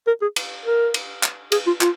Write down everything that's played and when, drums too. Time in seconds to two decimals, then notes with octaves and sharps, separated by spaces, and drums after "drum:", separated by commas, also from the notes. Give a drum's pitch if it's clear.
0.07 A#4
0.22 G#4
0.36 drum: cymbal
0.65 A#4
0.94 drum: cymbal
1.23 drum: clap
1.52 G#4, drum: cymbal
1.67 F4
1.81 F4, drum: clap